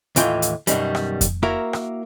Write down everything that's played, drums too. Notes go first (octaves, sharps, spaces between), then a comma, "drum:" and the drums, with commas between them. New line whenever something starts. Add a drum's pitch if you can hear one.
D#2 A2 E3 F4 G5, drum: hi-hat
drum: hi-hat
F#2 B2 D3 D#3 G3, drum: hi-hat
drum: rim click
drum: kick F2, hi-hat
A#3 E4 F#4 A#4
drum: rim click